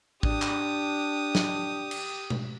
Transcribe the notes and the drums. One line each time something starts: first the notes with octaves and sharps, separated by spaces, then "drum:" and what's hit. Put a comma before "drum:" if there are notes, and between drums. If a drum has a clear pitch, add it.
D4 G4 D#6, drum: kick
drum: clap
drum: snare
drum: cymbal
drum: tom B2